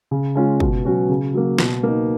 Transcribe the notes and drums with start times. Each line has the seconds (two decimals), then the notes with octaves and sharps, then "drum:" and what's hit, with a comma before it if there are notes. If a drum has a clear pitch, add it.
0.11 C#3
0.35 G#3 C#4 F4
0.60 B2, drum: kick
0.85 F#3 C#4 F#4
1.09 C#3
1.34 F#3 A#3
1.59 B2, drum: snare
1.83 A#3 D#4